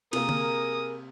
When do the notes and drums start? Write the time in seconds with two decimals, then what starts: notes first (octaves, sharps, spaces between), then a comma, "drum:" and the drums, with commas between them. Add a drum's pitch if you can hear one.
0.13 C3 A#3 G#4 A#4 D#6, drum: cymbal
0.29 drum: tom D3